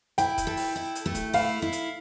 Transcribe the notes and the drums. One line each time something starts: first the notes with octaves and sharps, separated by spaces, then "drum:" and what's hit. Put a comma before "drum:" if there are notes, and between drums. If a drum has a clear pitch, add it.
E4 G5, drum: hi-hat
drum: kick, hi-hat
A4
drum: open hi-hat
E4
drum: hi-hat
A3
drum: kick, hi-hat
E4 F5, drum: open hi-hat
E4
drum: hi-hat